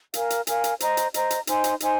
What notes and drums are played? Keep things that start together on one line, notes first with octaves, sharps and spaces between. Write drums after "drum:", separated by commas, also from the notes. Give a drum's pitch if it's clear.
A#4 F5 G#5, drum: hi-hat
drum: hi-hat
A#4 F5 G#5, drum: hi-hat
drum: hi-hat
C5 D#5 A#5, drum: hi-hat
drum: hi-hat
C5 D#5 A#5, drum: hi-hat
drum: hi-hat
D#4 C5 G#5 C6, drum: hi-hat
drum: hi-hat
D#4 C5 G#5 C6, drum: hi-hat